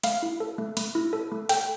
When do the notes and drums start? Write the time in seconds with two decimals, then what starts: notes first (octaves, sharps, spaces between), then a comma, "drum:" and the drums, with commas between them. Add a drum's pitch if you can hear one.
0.04 A3 F5, drum: hi-hat
0.23 E4
0.40 A4
0.58 A3
0.77 A3, drum: hi-hat
0.95 E4
1.13 A4
1.32 A3
1.49 A4 G5, drum: hi-hat